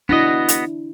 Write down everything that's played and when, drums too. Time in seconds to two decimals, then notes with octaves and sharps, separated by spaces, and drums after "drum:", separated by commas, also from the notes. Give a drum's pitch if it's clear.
0.09 B3 D4 E4 F#4 D#5
0.49 drum: hi-hat